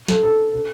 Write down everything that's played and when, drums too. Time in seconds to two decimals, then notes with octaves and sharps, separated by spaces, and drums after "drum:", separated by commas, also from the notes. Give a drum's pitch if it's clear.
0.08 A4, drum: snare
0.23 A4
0.53 A4